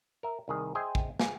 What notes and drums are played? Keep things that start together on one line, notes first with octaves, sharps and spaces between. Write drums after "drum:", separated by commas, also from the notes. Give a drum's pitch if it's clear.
A#4 E5
C2 D#3 G#4
G#4 C5 D#5 E5 G5 G#5
drum: kick
G#4, drum: snare